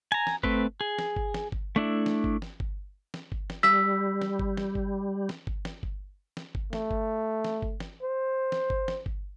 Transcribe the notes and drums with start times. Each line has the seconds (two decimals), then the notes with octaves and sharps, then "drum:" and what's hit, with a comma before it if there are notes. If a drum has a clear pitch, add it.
0.12 G#5 A#5
0.27 drum: snare
0.43 A3 C4 B4, drum: kick G1
0.81 G#4
0.99 drum: snare
1.16 drum: kick G1
1.34 drum: snare
1.52 drum: kick G1
1.76 A3 D4 E4
2.06 drum: snare
2.24 drum: kick G1
2.42 drum: snare
2.60 drum: kick G1
3.14 drum: snare
3.32 drum: kick G1
3.50 drum: snare
3.63 G3 E6 B6
4.22 drum: snare
4.39 drum: kick G1
4.57 drum: snare
4.75 drum: kick G1
5.29 drum: snare
5.47 drum: kick G1
5.65 drum: snare
5.83 drum: kick G1
6.37 drum: snare
6.55 drum: kick G1
6.73 A3, drum: snare
6.91 drum: kick G1
7.45 drum: snare
7.62 drum: kick G1
7.80 drum: snare
8.02 C5
8.52 drum: snare
8.70 drum: kick G1
8.88 drum: snare
9.06 drum: kick G1